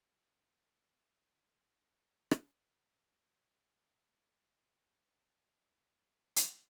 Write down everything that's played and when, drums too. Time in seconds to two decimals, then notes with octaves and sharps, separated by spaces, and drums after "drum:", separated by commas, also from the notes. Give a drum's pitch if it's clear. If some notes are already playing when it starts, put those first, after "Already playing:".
0.04 D5
1.43 A#4 B4 F#5
2.31 drum: rim click
4.23 F3 A#3 F4
6.36 drum: hi-hat